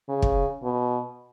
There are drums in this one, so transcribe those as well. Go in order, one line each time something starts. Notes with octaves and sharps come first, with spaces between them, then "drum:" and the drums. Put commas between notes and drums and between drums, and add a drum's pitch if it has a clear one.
C#3
drum: kick
B2